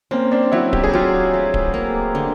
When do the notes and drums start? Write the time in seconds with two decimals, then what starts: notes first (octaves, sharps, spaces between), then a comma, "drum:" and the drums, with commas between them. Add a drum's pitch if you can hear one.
0.11 A#3 C4 C#4
0.31 C4 D4
0.52 F#3 E4 F#4
0.73 G4, drum: kick D1
0.84 G#4
0.94 F#3 F4 G4
1.34 A3
1.54 drum: kick D1
1.74 A#3
2.15 D3